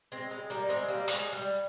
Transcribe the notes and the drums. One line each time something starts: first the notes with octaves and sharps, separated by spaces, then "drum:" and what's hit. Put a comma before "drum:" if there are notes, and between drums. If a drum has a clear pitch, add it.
G#3 C4
G#3
G3 A#3
G#3 C4
G3 A#3
G#3, drum: hi-hat
G3